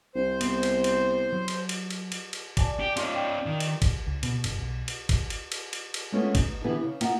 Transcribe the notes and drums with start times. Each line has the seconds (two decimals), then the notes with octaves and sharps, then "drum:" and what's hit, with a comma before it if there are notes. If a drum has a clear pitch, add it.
0.15 C2 C5
0.41 B3, drum: cymbal
0.63 drum: cymbal
0.84 drum: cymbal
1.33 F#3
1.48 drum: cymbal
1.69 drum: cymbal
1.90 drum: cymbal
2.12 drum: cymbal
2.33 drum: cymbal
2.57 D5 G#5 A5, drum: kick, cymbal
2.80 G4
2.97 C#4 D#4 F4 D5, drum: cymbal
3.15 G5
3.46 D#3
3.60 drum: cymbal
3.82 drum: kick, cymbal
4.07 C#2
4.23 B2, drum: cymbal
4.44 F#1, drum: cymbal
4.59 B1
4.88 drum: cymbal
5.09 drum: kick, cymbal
5.30 drum: cymbal
5.52 drum: cymbal
5.73 drum: cymbal
5.94 drum: cymbal
6.12 G#3 A3 B3 C#4 F4
6.35 D#4, drum: kick, cymbal
6.64 D3 E3 B3 G4 G#4 B4
6.83 C#3
7.01 A#3 D#4 F4 F#5, drum: cymbal